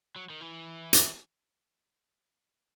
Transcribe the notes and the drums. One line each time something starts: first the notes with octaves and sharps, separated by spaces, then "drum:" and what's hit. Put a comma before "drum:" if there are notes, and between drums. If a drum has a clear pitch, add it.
F#3
D#3
E3
drum: hi-hat